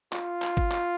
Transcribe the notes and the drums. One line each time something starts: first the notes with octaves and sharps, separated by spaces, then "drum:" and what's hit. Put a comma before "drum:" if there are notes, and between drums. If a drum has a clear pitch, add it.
F4, drum: clap
drum: clap
drum: kick G#1
drum: clap